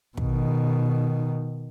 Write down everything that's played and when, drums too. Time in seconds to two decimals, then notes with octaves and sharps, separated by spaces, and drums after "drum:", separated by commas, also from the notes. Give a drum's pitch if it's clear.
0.17 B2 D#3, drum: kick